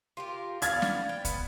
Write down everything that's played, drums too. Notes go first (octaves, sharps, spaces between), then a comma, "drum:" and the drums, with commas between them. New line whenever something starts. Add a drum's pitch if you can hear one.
F4 G4 A#4
B3 D5 F5 F6 G#6 A6, drum: hi-hat
drum: snare
G5
B3, drum: kick C2, hi-hat